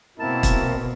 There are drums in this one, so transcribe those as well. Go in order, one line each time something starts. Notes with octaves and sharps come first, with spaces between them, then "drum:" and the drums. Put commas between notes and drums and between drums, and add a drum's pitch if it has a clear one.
B2 A#3 C4 E4 A#4 A5
drum: kick, hi-hat